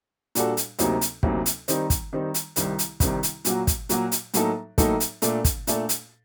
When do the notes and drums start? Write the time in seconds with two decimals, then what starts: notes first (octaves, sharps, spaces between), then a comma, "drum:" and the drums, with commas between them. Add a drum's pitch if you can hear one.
0.35 A#2 G3 D4 F#4 A4, drum: hi-hat
0.57 drum: hi-hat
0.79 D2 C3 F#3 A#3 D#4, drum: hi-hat
1.01 drum: hi-hat
1.23 D2 C3 F#3 A#3 D#4, drum: kick
1.46 drum: hi-hat
1.68 D#3 G3 C4 D#4, drum: hi-hat
1.90 drum: kick, hi-hat
2.13 D#3 G3 C4 D#4
2.34 drum: hi-hat
2.56 C2 C3 D#3 G3, drum: hi-hat
2.79 drum: hi-hat
3.00 C2 C3 D#3 G3, drum: kick, hi-hat
3.23 drum: hi-hat
3.45 A#2 F#3 A#3 F#4, drum: hi-hat
3.67 drum: kick, hi-hat
3.89 A#2 F#3 A#3 F#4, drum: hi-hat
4.12 drum: hi-hat
4.34 A2 F#3 A#3 D#4 A4, drum: hi-hat
4.78 A2 F#3 A#3 D#4 A4, drum: kick, hi-hat
5.00 drum: hi-hat
5.22 A#2 A3 D4 A4, drum: hi-hat
5.45 drum: kick, hi-hat
5.67 A#2 A3 D4 A4, drum: hi-hat
5.89 drum: hi-hat